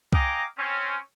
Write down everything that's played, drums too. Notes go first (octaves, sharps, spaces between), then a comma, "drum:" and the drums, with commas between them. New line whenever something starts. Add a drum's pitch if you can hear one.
D#5 F5 G5 G#5 A#5 D6, drum: kick C2
C4 C#4